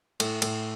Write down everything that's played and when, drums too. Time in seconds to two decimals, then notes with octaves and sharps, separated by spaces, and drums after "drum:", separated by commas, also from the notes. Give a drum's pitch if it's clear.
0.20 A2, drum: cymbal
0.42 A2, drum: cymbal